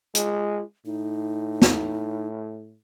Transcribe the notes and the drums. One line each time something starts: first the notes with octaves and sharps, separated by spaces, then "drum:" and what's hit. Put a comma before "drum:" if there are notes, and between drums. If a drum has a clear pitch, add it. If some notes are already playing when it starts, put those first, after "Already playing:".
G#3 F4, drum: hi-hat
A2 D#4
drum: snare